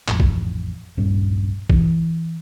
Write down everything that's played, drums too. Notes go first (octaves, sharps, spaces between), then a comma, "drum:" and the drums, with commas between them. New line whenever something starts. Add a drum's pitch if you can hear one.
A1 F2, drum: clap
drum: kick A1
D1 A#1 G2 C#4
E3, drum: kick A1